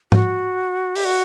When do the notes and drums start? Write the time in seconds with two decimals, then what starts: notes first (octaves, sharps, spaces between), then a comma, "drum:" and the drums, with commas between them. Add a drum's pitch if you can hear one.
0.12 F#4, drum: tom G#2
0.95 G4, drum: open hi-hat
1.05 F#4